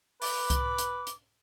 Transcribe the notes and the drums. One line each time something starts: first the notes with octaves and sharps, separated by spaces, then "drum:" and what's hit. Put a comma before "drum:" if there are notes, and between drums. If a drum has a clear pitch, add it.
B4 D6, drum: open hi-hat
drum: kick C2, hi-hat
drum: hi-hat
drum: hi-hat